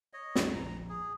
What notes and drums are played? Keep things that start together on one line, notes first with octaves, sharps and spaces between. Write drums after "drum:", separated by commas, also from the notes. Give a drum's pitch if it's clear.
C#5 D#5
C#2 G2 G3, drum: snare
A#1 F2 A#5
G#4